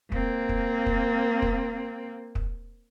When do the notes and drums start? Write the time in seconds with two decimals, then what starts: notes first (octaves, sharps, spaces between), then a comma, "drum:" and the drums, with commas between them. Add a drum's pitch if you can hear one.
0.12 A#3 C4, drum: kick
0.49 drum: kick
0.86 drum: kick
1.42 drum: kick
2.35 drum: kick